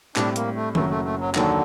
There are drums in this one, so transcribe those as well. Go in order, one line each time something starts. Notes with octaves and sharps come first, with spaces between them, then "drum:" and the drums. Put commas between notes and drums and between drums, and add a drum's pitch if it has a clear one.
A2 G3 C4 D4, drum: clap
A#3, drum: hi-hat
A3
F#1 F#2 F#3 A3, drum: tom D#3
A3
A3
F#3
D#2 D3 D#3 F#3, drum: clap